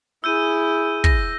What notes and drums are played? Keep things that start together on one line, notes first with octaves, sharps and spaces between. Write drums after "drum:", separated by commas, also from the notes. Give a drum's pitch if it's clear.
E4 G#4 E6 G6 D#7
A#6, drum: kick